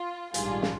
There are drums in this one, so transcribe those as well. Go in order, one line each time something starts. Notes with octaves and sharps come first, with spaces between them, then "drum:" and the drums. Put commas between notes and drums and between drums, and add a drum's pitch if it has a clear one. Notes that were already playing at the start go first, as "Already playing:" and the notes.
Already playing: F4
A#1 G#2 D#3 G3 D4 F4 G#4, drum: hi-hat
drum: snare